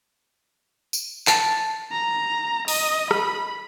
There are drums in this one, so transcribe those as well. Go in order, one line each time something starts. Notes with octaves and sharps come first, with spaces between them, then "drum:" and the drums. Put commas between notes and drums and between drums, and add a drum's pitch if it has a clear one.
drum: tambourine
A5, drum: clap
A#5
D#5, drum: open hi-hat
B5, drum: rim click